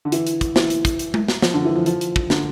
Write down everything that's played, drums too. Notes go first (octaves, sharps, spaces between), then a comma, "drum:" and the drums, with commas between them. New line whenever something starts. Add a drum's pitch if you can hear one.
D3
E3, drum: hi-hat
drum: hi-hat
drum: kick, hi-hat
E3, drum: snare
drum: hi-hat
drum: kick, hi-hat
drum: hi-hat
drum: tom G#3
drum: snare
F3, drum: snare
D3
E3
F3
F3, drum: hi-hat
drum: hi-hat
drum: kick
D3, drum: snare